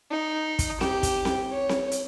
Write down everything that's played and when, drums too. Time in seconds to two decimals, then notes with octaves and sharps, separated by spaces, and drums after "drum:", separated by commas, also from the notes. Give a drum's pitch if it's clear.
0.11 D#4
0.59 drum: kick, hi-hat
0.81 G4, drum: snare C4
1.03 drum: kick, hi-hat
1.25 drum: snare C4
1.52 C#5
1.69 drum: snare C4
1.91 drum: hi-hat